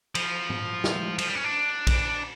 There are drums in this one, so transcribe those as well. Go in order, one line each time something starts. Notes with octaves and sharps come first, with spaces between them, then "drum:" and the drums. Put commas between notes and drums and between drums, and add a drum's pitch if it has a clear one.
F3, drum: cymbal
drum: tom G#2
drum: snare
F3, drum: cymbal
G3
C#4
D4
drum: kick A#1, cymbal